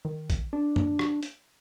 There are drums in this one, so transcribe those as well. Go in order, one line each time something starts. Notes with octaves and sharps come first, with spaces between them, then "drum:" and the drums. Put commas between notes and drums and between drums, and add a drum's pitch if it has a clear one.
D#3
drum: kick, hi-hat
D4
drum: tom F#2
drum: rim click
drum: hi-hat